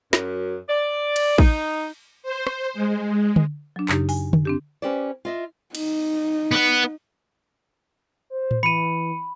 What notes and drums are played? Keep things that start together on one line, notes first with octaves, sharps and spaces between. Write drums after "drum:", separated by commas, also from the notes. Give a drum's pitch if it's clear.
F#2, drum: snare
D5
drum: cymbal
D#4, drum: kick
C5
drum: rim click
G#3
drum: tom D3
F#3 D4
F#2 C#3 D#4 G4, drum: clap
G#5, drum: open hi-hat
drum: tom D3
C4 D4 G4
C#4 G4 B4 C5 D5
F4 D#5 E5
D#4, drum: cymbal
B3 B4
C5
drum: tom A2
E3 B5 C#7 D#7